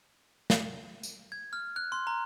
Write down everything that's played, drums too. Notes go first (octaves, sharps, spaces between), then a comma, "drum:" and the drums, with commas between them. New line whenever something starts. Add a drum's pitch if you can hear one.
drum: snare
drum: tambourine
G#6
F6
F#6
C6
A#5